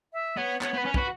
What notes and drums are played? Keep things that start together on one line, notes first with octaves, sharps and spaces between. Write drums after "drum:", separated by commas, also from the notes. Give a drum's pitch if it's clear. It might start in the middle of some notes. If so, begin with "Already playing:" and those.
E5
B3 C#5
B3 C#5, drum: clap
B3
B4
C#4
F#4 B4, drum: kick